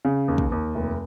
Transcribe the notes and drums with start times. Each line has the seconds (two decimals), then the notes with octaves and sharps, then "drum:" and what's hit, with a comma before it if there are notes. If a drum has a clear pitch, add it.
0.05 C#3
0.28 D#2
0.38 drum: kick
0.52 D#2
0.75 F1